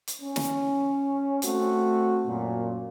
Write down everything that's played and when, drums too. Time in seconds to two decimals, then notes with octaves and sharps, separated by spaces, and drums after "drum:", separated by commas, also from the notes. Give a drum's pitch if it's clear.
0.07 drum: hi-hat
0.21 C#4
0.36 drum: snare
1.42 A3 C4 F#4, drum: hi-hat
2.26 F#2 A#2